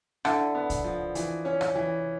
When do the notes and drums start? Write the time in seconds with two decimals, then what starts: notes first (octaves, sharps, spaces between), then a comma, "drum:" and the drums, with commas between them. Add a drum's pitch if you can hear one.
0.25 D3 E4, drum: rim click
0.55 B3
0.70 drum: kick C2, hi-hat
0.84 F3
1.15 E3, drum: hi-hat
1.45 C#4
1.61 drum: rim click
1.75 E3